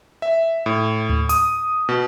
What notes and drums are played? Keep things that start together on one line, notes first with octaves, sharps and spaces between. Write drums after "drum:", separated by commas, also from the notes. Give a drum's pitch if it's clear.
E5
A2
drum: tom D2
D#6, drum: hi-hat
B2